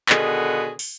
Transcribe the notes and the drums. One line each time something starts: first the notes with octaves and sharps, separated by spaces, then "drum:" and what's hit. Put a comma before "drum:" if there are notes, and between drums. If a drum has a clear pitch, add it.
B2 D3 D#3 B3 G#4, drum: clap
drum: open hi-hat